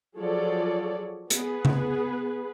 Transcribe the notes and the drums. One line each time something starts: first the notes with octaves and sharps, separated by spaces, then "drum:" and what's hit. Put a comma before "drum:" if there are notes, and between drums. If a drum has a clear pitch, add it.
F3 F#3 G#4 A4 C#5 D5
B3 G#4 B4, drum: hi-hat
drum: tom C#3